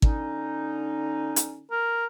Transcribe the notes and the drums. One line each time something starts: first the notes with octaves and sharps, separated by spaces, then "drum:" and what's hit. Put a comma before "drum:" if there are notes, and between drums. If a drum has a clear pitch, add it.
D3 C#4 D#4, drum: kick
drum: hi-hat
A#4